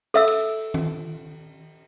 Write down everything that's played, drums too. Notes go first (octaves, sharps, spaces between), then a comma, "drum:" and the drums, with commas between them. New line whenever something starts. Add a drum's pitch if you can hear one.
A4 E5 E6, drum: hi-hat
drum: cymbal
drum: tom D#3